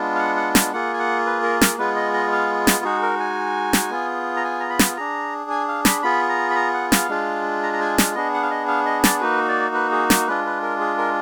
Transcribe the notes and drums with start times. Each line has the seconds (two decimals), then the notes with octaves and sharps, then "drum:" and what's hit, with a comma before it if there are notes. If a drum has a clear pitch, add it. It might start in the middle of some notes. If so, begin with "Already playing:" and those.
Already playing: G#3 B3 D4 F4
0.15 F5
0.19 F#5
0.37 F#5
0.55 drum: snare
0.73 A#3 F4 G#4 F#5
0.94 G#5
0.99 F#5
1.26 B4
1.43 A#4
1.61 A#4, drum: snare
1.79 G#3 B3 F4 G#4 B4
1.96 D#5
2.14 D#5
2.32 F5
2.67 drum: snare
2.84 G#3 D#4 F#4 G#4
3.02 A#4
3.20 G#5
3.73 drum: snare
3.90 B3 F4 G#4
4.37 A#5
4.44 G#5
4.60 A#5
4.70 B5
4.79 drum: snare
4.97 D4 G#4 A#5
5.50 G#5
5.68 F5
5.85 B5, drum: snare
6.03 B3 F4 G#4 B5
6.29 A#5
6.51 B5
6.56 A#5
6.74 F#5
6.92 F5, drum: snare
7.09 G#3 D4 F4 G#4
7.63 A#5
7.73 A#5
7.81 G#5
7.98 F5, drum: snare
8.15 B3 D4 G#4 D#5
8.34 F#5
8.43 F5
8.51 D#5
8.68 F5
8.86 D#5
9.04 D5, drum: snare
9.21 A#3 D#4 F#4 B4
9.49 D5
9.75 B4
9.92 G#4
10.10 drum: snare
10.27 G#3 D4 F4 B4
10.46 B4
10.62 A#4
10.80 G#4
10.98 A#4